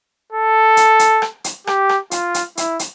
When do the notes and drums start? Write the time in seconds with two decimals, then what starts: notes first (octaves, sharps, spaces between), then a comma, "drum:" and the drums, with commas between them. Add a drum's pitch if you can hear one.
0.32 A4
0.77 drum: hi-hat
0.99 drum: hi-hat
1.22 drum: rim click
1.44 drum: hi-hat
1.67 G4, drum: rim click
1.89 drum: rim click
2.11 F4, drum: hi-hat
2.34 drum: hi-hat
2.57 E4, drum: hi-hat
2.79 drum: hi-hat